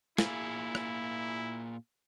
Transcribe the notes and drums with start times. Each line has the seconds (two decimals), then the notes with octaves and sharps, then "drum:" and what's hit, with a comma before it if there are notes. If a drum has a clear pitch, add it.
0.18 A#2 A#3 E4 G#4, drum: snare
0.75 drum: rim click